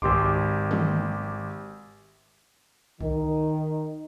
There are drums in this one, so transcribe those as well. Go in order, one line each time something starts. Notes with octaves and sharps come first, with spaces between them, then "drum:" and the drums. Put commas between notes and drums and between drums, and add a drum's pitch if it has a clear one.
G#1 G4 C6 D6, drum: kick C2
drum: tom D#3
D#3, drum: kick C2